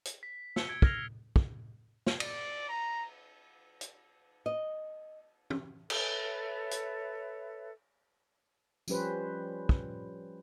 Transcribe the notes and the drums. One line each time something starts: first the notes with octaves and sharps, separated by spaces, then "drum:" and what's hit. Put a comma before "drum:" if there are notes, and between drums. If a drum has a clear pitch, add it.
drum: hi-hat
B6
E6 C#7 G7, drum: snare
G#6 D7
F6 G#6 A#6 C7 F7, drum: kick
drum: kick
drum: snare
D5, drum: cymbal
A#5
drum: hi-hat
D#5
drum: tom
A4 B4 C#5 E5, drum: cymbal
drum: hi-hat
F3 G3 C#4 G4 B4 C5, drum: tambourine
drum: kick